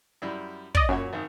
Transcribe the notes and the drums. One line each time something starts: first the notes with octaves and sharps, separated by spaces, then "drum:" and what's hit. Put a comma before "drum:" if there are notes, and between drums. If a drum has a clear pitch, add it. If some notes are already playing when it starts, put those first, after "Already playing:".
F#2 G3 E4
D5 D#5, drum: kick
F#2 A#2 F#4 C#5
G#1 D#3